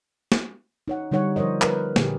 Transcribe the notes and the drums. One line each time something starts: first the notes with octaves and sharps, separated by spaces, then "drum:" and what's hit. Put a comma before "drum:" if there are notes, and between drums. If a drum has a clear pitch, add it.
drum: snare
D#4 C#5 F#5
D3 G3 D#4 C#5 F#5
F3 A#4 C5 C#5 D#5
A#4 B4, drum: clap
A#2 D3 G3 G4 G#4, drum: snare